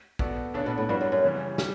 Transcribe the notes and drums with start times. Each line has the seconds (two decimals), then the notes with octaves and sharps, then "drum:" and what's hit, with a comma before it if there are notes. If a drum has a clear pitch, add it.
0.19 B3 F#4 A4 D5, drum: kick
0.54 C#3 B3 D4 A4 C#5
0.66 B2
0.78 A2
0.89 G2 G3 D4 F#4
1.01 F#2
1.12 F#2
1.24 C#3 E3 G3
1.58 G3 C#4, drum: snare